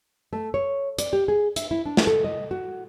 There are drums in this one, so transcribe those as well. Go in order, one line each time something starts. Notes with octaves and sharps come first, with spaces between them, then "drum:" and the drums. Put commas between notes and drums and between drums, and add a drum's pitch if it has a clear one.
A3
C#5
D5, drum: hi-hat
G4
G#4
E5, drum: hi-hat
E4
D4
drum: snare
A4
D#5
F#4